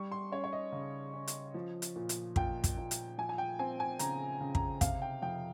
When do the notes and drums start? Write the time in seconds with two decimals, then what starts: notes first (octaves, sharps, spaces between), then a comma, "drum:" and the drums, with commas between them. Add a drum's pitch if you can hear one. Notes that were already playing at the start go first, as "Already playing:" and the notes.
Already playing: G3 C#6
0.12 C6
0.32 C#4 C#5
0.44 C#5
0.53 D#5
0.72 C#3
1.14 C#4
1.27 drum: hi-hat
1.54 F3
1.82 drum: hi-hat
1.96 A#2
2.09 drum: hi-hat
2.36 A#2 G5, drum: kick
2.64 drum: kick, hi-hat
2.77 A#2
2.91 drum: hi-hat
3.18 F3 G#5
3.29 G#5
3.38 G5
3.59 C4 G#5
3.80 G#5
3.99 C#3 A#5, drum: hi-hat
4.41 C#3
4.55 A#5, drum: kick
4.81 C3 F5, drum: kick, hi-hat
5.02 G5
5.22 F2 G5